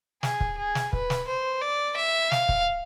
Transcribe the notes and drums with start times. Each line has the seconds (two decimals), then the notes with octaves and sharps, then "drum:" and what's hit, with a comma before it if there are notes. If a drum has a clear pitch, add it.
0.23 G#4, drum: snare
0.40 drum: kick
0.58 G#4
0.75 drum: snare
0.93 B4, drum: kick
1.10 drum: snare
1.27 C5
1.62 D5
1.97 E5
2.32 F5, drum: snare
2.49 drum: kick